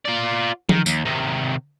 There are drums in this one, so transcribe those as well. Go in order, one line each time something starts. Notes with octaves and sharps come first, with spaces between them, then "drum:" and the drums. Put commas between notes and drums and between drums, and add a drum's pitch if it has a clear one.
F4 D5
D#3, drum: tom F3
D#2, drum: tambourine
C3 D#3